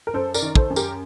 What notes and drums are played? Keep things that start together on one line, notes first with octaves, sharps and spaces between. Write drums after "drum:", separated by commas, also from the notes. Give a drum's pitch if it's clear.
A#4
F#2 A4 C5
A#4 D5, drum: tambourine
D#3
A4 C5, drum: kick
F#2
G4 A#4, drum: tambourine